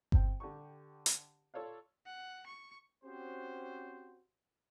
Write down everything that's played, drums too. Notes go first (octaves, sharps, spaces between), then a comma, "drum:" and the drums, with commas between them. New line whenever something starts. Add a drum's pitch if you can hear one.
C4 G5, drum: kick G1
D3 G4 C#6
drum: hi-hat
F4 A4 C#5 D5 F5
F#5
C#6
C4 C#4 F#4 G4 C5